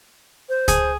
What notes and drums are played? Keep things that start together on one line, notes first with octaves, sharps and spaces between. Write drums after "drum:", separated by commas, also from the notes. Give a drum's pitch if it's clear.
C5
G#4, drum: kick C#2, hi-hat